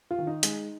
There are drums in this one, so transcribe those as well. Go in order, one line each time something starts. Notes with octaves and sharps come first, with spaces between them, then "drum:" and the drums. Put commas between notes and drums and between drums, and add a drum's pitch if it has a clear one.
F4
D#3
D#4
G#3, drum: hi-hat